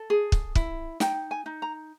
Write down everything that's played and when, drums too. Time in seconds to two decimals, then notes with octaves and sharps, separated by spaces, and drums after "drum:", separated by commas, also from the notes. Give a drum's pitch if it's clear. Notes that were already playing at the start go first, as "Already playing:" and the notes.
Already playing: A4
0.10 G#4
0.32 drum: kick
0.55 E4, drum: kick
1.00 D#4 G5, drum: snare
1.31 G#5
1.46 D#4
1.62 A#5